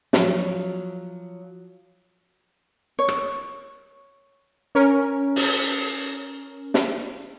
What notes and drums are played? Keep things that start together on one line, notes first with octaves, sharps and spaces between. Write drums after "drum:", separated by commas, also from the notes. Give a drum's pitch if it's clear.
F3 F#3, drum: snare
C#5
drum: rim click
C#4 A#4
drum: open hi-hat
drum: snare